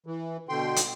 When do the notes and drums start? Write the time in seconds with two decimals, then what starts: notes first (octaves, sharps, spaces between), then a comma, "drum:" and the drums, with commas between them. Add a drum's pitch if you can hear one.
0.06 E3
0.49 B2 D3 G5 C6
0.76 drum: hi-hat